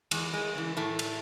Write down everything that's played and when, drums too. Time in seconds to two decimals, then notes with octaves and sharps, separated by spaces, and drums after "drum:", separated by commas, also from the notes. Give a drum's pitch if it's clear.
0.11 E2 G#3, drum: cymbal
0.33 G#3
0.55 C#3 E3
0.77 A2 A3
0.99 drum: cymbal